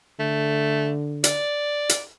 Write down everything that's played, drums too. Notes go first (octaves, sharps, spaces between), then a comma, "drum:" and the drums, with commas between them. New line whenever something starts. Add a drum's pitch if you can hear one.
D3 A3
D5, drum: hi-hat
drum: hi-hat